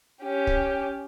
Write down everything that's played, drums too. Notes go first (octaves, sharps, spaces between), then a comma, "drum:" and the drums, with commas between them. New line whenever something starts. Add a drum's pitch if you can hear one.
C#4 G4
drum: kick